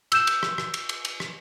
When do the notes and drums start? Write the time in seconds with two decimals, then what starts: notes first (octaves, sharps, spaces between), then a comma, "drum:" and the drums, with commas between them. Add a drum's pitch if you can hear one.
0.12 E6 G6 E7, drum: cymbal
0.27 drum: cymbal
0.43 drum: rim click
0.58 drum: rim click
0.74 drum: cymbal
0.89 drum: cymbal
1.05 drum: cymbal
1.20 drum: rim click